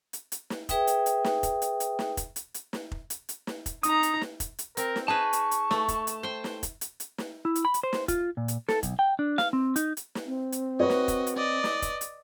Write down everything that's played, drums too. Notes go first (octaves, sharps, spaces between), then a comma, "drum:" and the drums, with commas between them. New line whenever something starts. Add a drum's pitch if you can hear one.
drum: hi-hat
drum: hi-hat
drum: snare
G#4 B4 E5 G5 D#6, drum: kick F1, hi-hat
drum: hi-hat
drum: hi-hat
drum: snare
drum: kick F1, hi-hat
drum: hi-hat
drum: hi-hat
drum: snare
drum: kick F1, hi-hat
drum: hi-hat
drum: hi-hat
drum: snare
drum: kick F1
drum: hi-hat
drum: hi-hat
drum: snare
drum: kick F1, hi-hat
D#4 A#5 D#6, drum: hi-hat
drum: hi-hat
drum: snare
drum: kick F1, hi-hat
drum: hi-hat
C4 A#4, drum: hi-hat
drum: snare
D#4 G#4 B4 A5 C#6
drum: hi-hat
drum: hi-hat
A3, drum: snare
drum: kick F1, hi-hat
drum: hi-hat
C5 G5
drum: snare
drum: kick F1, hi-hat
drum: hi-hat
drum: hi-hat
drum: snare
E4
drum: hi-hat
B5
drum: hi-hat
C5
drum: snare
F4, drum: kick F1, hi-hat
A#2
drum: hi-hat
A4, drum: snare
B1, drum: kick F1, hi-hat
G5
D4
F5, drum: snare
C4
D#4, drum: hi-hat
drum: hi-hat
drum: snare
C4
drum: hi-hat
F#4 B4 C#5 D#5
drum: snare
drum: kick F1, hi-hat
drum: hi-hat
D5 D#5
drum: snare
drum: kick F1, hi-hat
drum: hi-hat